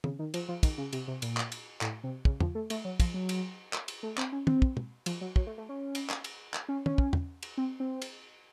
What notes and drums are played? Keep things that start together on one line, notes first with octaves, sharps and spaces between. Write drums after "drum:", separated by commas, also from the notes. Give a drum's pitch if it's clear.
C#3, drum: tom
D#3
F3, drum: cymbal
F3
D#3, drum: kick, cymbal
C#3
C3, drum: cymbal
C3
A#2, drum: cymbal
drum: clap
drum: cymbal
A2, drum: clap
C3
C#3, drum: kick
F3, drum: tom
A3
A3, drum: cymbal
F#3
F3, drum: kick, cymbal
F#3
drum: cymbal
drum: clap
drum: cymbal
A3
C4, drum: clap
C#4
C4, drum: tom
drum: kick
drum: tom
F3, drum: cymbal
F#3
F#3, drum: kick
A3
A3
C#4
drum: cymbal
drum: clap
drum: cymbal
drum: clap
C#4
C#4, drum: tom
drum: kick
drum: tom
drum: cymbal
C4
C4
drum: cymbal